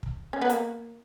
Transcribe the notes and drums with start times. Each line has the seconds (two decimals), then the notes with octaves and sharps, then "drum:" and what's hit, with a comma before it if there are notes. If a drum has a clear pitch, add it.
0.03 drum: kick
0.33 C#4
0.41 B3
0.49 A#3, drum: hi-hat